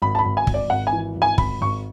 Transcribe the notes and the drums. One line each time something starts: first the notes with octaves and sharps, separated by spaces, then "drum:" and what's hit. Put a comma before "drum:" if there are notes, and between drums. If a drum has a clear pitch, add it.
G#1 B5
A5
B5
G#1
G#5
G#1, drum: kick
D5
G#1 F#5
G#5
E3
G#1
G#5
G#1 B5, drum: kick
G#1 C#6